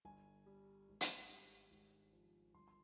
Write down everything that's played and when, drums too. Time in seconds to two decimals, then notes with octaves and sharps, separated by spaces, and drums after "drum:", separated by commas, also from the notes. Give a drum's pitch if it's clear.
0.05 G1 G#5
0.46 G3
0.89 G#1
1.01 drum: hi-hat
1.30 G3
1.71 G#1
2.13 F3
2.55 G1 C6
2.68 C6